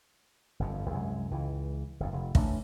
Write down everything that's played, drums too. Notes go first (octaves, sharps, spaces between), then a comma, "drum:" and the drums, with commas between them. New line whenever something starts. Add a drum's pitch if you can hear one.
G1 F2
C2 F#2 G#3
C#2 E3
G1 F2
F1
A1 A3 A#3 D4, drum: kick